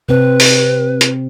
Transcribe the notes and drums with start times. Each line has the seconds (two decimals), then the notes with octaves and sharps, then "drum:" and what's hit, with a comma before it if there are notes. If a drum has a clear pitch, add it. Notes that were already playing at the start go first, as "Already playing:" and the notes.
0.09 C3 C4 B4
0.40 drum: open hi-hat
1.01 drum: hi-hat